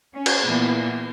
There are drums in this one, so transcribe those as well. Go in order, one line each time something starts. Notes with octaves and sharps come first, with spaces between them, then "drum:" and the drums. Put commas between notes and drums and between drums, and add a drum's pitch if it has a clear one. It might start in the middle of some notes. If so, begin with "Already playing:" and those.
C#4
drum: cymbal
A#2 E3 B3